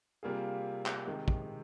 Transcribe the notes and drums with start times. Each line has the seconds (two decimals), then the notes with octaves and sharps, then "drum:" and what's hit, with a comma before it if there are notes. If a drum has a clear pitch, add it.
0.23 C3 G3 A#3 F4 G#4
0.86 drum: clap
1.07 C3 D#3 G#3
1.28 drum: kick